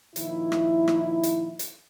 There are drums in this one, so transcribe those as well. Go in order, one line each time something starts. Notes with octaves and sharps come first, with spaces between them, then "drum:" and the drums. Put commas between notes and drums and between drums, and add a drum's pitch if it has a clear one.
A#2 D#3 F3 E4, drum: hi-hat
drum: rim click
drum: rim click
drum: hi-hat
drum: hi-hat